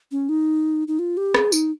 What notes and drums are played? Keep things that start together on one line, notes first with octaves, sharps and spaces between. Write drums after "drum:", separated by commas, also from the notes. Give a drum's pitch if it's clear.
C#4
D#4
D#4
F4
G4
G#4, drum: rim click
D#4, drum: tambourine